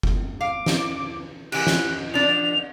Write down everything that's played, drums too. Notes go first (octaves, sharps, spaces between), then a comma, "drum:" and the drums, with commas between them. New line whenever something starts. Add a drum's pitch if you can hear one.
drum: kick F#1
F5 D6
drum: snare
E3 G4 F#6, drum: cymbal
drum: snare
F3 D4 F7